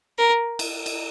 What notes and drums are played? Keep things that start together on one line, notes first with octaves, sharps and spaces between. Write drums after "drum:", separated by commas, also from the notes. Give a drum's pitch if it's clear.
A#4
drum: cymbal
drum: cymbal